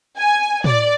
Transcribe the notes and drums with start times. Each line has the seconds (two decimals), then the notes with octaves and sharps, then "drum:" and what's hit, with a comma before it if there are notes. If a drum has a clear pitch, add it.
0.17 G#5
0.64 D5, drum: tom